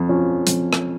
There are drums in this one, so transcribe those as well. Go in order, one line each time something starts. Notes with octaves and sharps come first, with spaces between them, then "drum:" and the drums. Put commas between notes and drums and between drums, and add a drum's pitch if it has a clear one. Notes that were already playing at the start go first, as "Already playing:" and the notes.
Already playing: F2
F3 C#4
F2, drum: hi-hat
drum: rim click